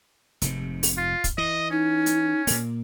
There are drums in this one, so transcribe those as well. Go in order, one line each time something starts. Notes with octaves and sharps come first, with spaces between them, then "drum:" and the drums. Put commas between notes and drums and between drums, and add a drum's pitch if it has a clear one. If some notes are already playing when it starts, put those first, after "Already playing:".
F1 G#2 C3, drum: hi-hat
drum: open hi-hat
F4
drum: kick, hi-hat
E3 D#5
C#4 D#4
drum: hi-hat
A#2 A#3, drum: open hi-hat